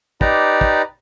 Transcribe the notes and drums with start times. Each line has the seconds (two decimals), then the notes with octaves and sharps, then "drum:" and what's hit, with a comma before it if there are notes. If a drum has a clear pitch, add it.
0.21 D#4 G4 B4 D5 A#5, drum: kick
0.61 drum: kick